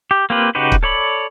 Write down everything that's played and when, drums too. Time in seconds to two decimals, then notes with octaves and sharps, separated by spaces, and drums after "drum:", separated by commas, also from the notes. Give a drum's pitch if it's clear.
0.11 G4
0.30 A#3 C4 F4 G4 B4
0.55 C#3 D#4 F#4 G4 B4
0.72 drum: kick
0.83 A4 C#5 D5 B5